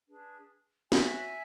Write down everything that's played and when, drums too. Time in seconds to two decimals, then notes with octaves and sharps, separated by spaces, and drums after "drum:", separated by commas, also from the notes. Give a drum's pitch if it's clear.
0.08 D4 G#4 B4
0.92 F#4 C#5 E5 G#5, drum: snare